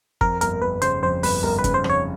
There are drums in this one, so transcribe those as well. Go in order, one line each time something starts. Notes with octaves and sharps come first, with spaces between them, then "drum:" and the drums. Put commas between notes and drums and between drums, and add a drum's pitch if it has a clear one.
F2 A#4, drum: kick G1
G1 A#4, drum: hi-hat
G1 B4
C#3 C5, drum: hi-hat
F2 C5
G1 B4, drum: open hi-hat
G1 A#4
B4
C#3, drum: kick G1, hi-hat
C5
F2, drum: rim click
C#5